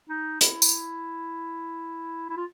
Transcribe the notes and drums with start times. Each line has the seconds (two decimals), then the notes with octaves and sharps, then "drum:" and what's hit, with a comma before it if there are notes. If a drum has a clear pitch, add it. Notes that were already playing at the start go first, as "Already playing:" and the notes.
0.09 D#4
0.41 E4, drum: hi-hat
0.62 drum: tambourine
2.30 E4
2.37 F4